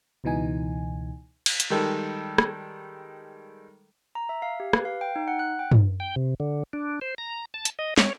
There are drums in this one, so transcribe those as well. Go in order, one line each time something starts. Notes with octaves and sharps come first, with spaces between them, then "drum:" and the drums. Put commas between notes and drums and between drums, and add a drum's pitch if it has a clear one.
C#2 B2 E3 D#4 G#5
drum: cymbal
drum: hi-hat
D#3 G3 G#3 A4
drum: rim click
A#5
E5
F5
G4
B4, drum: rim click
F5
G5
D#4
F#5
F#6
G5
drum: tom
G5
C3
D3
D4
C5
A#5
A5
drum: hi-hat
D#5
C#5, drum: snare